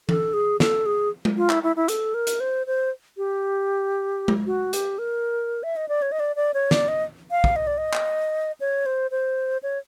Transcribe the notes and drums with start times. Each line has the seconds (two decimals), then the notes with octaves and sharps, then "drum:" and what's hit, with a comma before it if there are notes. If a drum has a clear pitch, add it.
0.09 A4, drum: tom E3
0.33 G#4
0.60 A4, drum: snare
0.86 G#4
1.25 drum: tom G#3
1.37 F4
1.50 E4, drum: clap
1.63 E4
1.76 E4
1.88 A4, drum: hi-hat
2.14 A#4
2.27 drum: hi-hat
2.40 C5
2.67 C5
3.17 G4
4.28 drum: tom G#3
4.46 F#4
4.73 G4, drum: hi-hat
4.98 A#4
5.63 E5
5.76 D#5
5.89 D5
6.02 C#5
6.12 D#5
6.19 D5
6.36 D5
6.54 C#5
6.71 D5, drum: snare
6.88 D#5
7.31 F5
7.44 drum: kick
7.56 D#5
7.67 D5
7.78 D#5
7.93 drum: clap
8.60 C#5
8.86 C5
9.11 C5
9.63 C#5